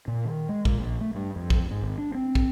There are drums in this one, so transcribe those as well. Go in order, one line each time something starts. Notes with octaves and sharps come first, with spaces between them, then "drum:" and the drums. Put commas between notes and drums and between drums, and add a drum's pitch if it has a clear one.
A#2
D#3
G#3
A#2, drum: kick
A#1
A3
G2
F2
drum: kick
G#2
G#1
D4
C4
drum: kick